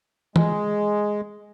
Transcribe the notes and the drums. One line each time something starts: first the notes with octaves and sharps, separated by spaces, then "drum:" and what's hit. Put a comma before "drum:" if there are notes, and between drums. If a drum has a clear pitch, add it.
G#3, drum: tom E3